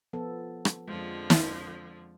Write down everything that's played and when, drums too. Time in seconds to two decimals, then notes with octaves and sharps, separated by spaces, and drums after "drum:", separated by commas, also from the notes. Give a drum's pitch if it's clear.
0.13 F3 B3 A4
0.65 drum: rim click
0.88 F2 D3 F3 G#3
1.30 drum: snare